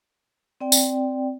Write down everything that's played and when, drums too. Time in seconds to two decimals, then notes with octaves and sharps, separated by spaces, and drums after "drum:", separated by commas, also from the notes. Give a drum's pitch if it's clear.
0.61 C4 D5 G5
0.72 drum: tambourine